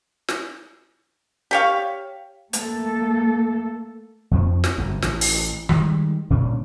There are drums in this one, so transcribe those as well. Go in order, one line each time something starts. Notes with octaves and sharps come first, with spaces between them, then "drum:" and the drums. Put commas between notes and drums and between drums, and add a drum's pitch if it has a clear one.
drum: snare
G4 C#5 F5
A3 A#3 A4, drum: hi-hat
F2 F3 C4
drum: snare
G1 F#2 C3
A1, drum: snare
drum: open hi-hat
D#3 G3 G#3, drum: rim click
G1 A#2 C#4 D4